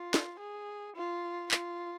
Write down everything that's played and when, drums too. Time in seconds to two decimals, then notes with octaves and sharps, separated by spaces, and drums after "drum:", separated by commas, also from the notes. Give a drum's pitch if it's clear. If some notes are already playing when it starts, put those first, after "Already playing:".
Already playing: F4
0.14 drum: snare
0.40 G#4
0.96 F4
1.51 F4, drum: clap